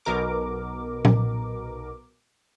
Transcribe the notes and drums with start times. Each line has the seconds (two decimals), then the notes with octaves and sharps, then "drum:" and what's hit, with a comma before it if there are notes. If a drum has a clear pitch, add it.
0.05 B1 B2 A#4 D6
1.05 drum: tom A#2